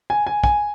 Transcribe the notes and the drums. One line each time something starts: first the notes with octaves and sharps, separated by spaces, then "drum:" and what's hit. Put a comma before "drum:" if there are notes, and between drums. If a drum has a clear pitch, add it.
G#5
G#5
G#5, drum: kick